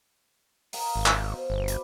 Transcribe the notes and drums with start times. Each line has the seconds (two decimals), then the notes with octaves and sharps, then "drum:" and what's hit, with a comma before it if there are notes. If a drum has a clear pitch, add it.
0.73 A#4 D#5 F5, drum: open hi-hat
0.96 G#1
1.06 drum: clap
1.30 B2 C5
1.50 G1
1.68 D5 B5, drum: hi-hat